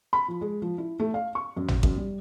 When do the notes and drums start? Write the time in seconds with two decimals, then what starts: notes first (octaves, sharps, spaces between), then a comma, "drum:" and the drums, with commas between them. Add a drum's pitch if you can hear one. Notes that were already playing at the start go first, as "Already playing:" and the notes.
0.13 B5
0.28 F3
0.41 G#3
0.62 F3
0.78 E4
1.00 A3
1.14 F5
1.35 C#6
1.57 F#2
1.68 drum: tom G#1
1.83 F#2, drum: kick A1
1.96 G3